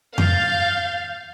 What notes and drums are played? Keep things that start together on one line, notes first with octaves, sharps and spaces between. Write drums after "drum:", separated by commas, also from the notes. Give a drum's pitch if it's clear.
F5 G6 A6, drum: tom F2